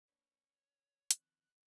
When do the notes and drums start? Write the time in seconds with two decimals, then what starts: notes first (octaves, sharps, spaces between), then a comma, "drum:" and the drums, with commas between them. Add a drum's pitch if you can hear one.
0.08 A#3 D4 B4 C#5
1.11 D#3 F3 C4 F#6, drum: hi-hat